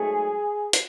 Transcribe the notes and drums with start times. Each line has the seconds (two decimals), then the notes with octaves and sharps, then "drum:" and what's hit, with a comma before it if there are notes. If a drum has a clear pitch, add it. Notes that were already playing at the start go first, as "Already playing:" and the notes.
Already playing: G#2 F#3 A3 G#4
0.73 drum: hi-hat